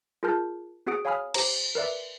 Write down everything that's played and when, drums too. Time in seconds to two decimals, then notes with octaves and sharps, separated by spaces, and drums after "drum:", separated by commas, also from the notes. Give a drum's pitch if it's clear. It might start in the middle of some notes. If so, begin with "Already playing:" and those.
0.23 F4 G#4 A#4 A5 F6 G6
0.87 C4 F#4 G#4 F#5 D#6 D7
1.05 C#5 F5 G#5 B5 D#6 F6
1.34 G4 C5 A#5, drum: cymbal
1.75 A#4 B4 D5 E5